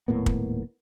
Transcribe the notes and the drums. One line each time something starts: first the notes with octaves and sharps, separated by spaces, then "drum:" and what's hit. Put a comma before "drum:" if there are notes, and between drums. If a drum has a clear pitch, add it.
D#1 A2 A#3 B3
drum: kick